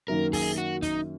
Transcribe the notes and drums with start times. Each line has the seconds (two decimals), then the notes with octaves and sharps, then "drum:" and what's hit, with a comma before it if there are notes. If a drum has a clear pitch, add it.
0.08 F#2 D#3 A#3 A#4
0.33 G#4, drum: kick, open hi-hat
0.58 F#4
0.82 D#4, drum: kick, hi-hat